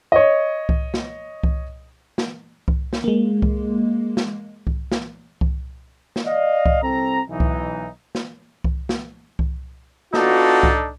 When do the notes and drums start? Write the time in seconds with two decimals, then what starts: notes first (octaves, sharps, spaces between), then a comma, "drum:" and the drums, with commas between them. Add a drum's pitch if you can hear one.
0.12 C#5 D#5
0.69 drum: kick C2
0.94 drum: snare
1.43 drum: kick C2
2.18 drum: snare
2.68 drum: kick C2
2.93 drum: snare
3.04 G#3 A#3
3.42 drum: kick C2
4.17 drum: snare
4.67 drum: kick C2
4.92 drum: snare
5.41 drum: kick C2
6.16 drum: snare
6.26 D5 D#5 F5
6.66 drum: kick C2
6.83 C2 C4 A4 A#5
7.29 B1 E3 D#4
7.40 drum: kick C2
8.15 drum: snare
8.64 drum: kick C2
8.89 drum: snare
9.39 drum: kick C2
10.14 B3 D4 D#4 F4 F#4 A4, drum: snare
10.63 drum: kick C2